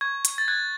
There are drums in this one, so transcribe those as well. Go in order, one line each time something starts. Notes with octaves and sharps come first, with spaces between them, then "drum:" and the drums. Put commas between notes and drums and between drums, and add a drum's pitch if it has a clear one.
C#6 G#6
drum: hi-hat
A6
F#6 G#6